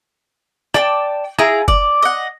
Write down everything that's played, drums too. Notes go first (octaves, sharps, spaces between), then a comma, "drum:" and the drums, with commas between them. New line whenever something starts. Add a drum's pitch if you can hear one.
D5 G5 A5, drum: rim click
E4 F4 G#4 A#5, drum: rim click
D5, drum: kick F#1
D#5 F#5